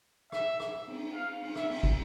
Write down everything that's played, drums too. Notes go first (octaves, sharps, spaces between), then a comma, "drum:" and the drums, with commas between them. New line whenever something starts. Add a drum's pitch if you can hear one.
E5, drum: rim click
drum: rim click
drum: cymbal
F5
drum: cymbal
E5, drum: rim click
drum: cymbal
drum: kick